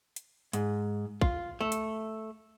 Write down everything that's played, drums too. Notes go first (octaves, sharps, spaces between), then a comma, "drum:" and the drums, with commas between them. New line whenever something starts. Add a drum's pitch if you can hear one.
drum: hi-hat
G#2, drum: hi-hat
F4, drum: kick
A3
drum: hi-hat